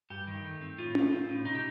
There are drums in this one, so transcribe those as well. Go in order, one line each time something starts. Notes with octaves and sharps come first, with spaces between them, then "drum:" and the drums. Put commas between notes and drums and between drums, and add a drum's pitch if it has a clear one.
G2 G4
D#3
A3
C4
A2 F4
A3, drum: tom C#4
C4
A2
C3 D#4
G4